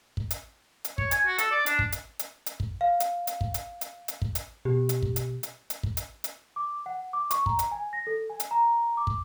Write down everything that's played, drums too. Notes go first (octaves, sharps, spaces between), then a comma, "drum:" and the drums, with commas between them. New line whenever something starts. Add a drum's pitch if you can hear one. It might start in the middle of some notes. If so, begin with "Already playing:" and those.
drum: kick
drum: hi-hat
drum: hi-hat
C#5, drum: kick
G#5, drum: hi-hat
F#4
A4, drum: hi-hat
D5
D4, drum: hi-hat
drum: kick
drum: hi-hat
drum: hi-hat
drum: hi-hat
drum: kick
F5
drum: hi-hat
drum: hi-hat
drum: kick
drum: hi-hat
drum: hi-hat
drum: hi-hat
drum: kick
drum: hi-hat
B2 G4
drum: hi-hat
drum: kick
drum: hi-hat
drum: hi-hat
drum: hi-hat
drum: kick
drum: hi-hat
drum: hi-hat
D6
F#5
D6
C#6, drum: hi-hat
A#5, drum: kick
drum: hi-hat
G#5
A#6
A4
G#5
drum: hi-hat
A#5
D6
drum: kick